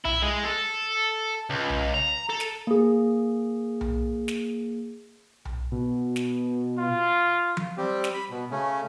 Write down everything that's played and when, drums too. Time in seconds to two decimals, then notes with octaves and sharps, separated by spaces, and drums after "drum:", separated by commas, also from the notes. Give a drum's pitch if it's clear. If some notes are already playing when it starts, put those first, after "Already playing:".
0.05 E4, drum: tom B1
0.23 G#3
0.45 A4
1.50 C#2
1.69 drum: tom B1
1.94 A#5
2.30 A4
2.40 drum: snare
2.67 A#3 G#4
3.81 drum: tom B1
4.28 drum: snare
5.45 drum: tom B1
5.72 B2
6.16 drum: snare
6.78 F4
7.57 drum: tom F3
7.78 G3 C4 G4
8.04 drum: snare
8.14 B5
8.30 B2
8.51 C#3 A3 C#4